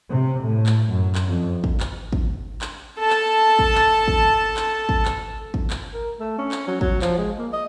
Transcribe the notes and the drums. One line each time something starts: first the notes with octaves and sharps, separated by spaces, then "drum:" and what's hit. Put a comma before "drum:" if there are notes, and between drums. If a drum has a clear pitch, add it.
C3
A2
drum: clap
F#2
drum: clap
F2
drum: kick
drum: clap
drum: kick
drum: clap
A4 A5
drum: clap
drum: kick
drum: clap
drum: kick
drum: clap
drum: kick
drum: clap
drum: kick
drum: clap
A#4
A3
C#4
drum: clap
F#3
F#3, drum: kick
F3, drum: clap
G#3
A#3
D#5